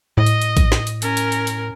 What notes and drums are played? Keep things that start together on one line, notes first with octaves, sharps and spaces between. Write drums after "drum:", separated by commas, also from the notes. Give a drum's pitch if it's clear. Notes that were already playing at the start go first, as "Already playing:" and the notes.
A2 D#5
drum: hi-hat
drum: hi-hat
drum: kick, hi-hat
drum: snare
drum: hi-hat
C#4 A#4, drum: hi-hat
drum: hi-hat
drum: hi-hat
drum: hi-hat